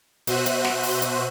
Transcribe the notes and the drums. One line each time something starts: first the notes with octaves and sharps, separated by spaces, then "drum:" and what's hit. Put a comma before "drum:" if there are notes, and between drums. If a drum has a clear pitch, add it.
B2 F#4 C5 E5 F#6 D#7, drum: hi-hat
drum: hi-hat
drum: snare
drum: open hi-hat
drum: hi-hat